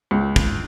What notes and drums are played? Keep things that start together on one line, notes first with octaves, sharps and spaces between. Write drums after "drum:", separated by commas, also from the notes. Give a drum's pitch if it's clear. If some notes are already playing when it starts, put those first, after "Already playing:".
C#2
drum: kick